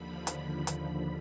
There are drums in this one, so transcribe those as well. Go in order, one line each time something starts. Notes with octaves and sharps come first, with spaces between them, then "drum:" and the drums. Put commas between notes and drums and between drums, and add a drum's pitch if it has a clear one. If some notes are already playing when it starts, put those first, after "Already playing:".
Already playing: D#2 D3 F3 B5
B5, drum: hi-hat
drum: hi-hat